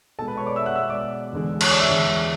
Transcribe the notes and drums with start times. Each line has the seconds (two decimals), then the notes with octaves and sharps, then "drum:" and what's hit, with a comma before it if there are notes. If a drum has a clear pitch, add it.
0.19 B2 G#3 A4 A5
0.28 B4 B5
0.37 C#5 C#6
0.46 D5 D6
0.56 E5 E6
0.66 F#5 F#6
0.75 B2 G#3 E5 E6
0.90 D5 D6
1.32 E2 D3 G#3
1.61 C#5 C#6, drum: cymbal
1.70 D5 D6
1.80 E5 E6
1.89 E2 D3 G#3